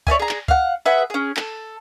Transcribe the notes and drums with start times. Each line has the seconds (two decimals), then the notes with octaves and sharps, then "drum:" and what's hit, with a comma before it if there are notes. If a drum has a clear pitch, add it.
0.07 C#5 D5 E5 G#5, drum: kick
0.19 G#4 A#5
0.29 drum: clap
0.48 F5 F#5, drum: kick
0.86 G#4 B4 E5 F#5
1.10 C#4 G#4
1.37 A4, drum: clap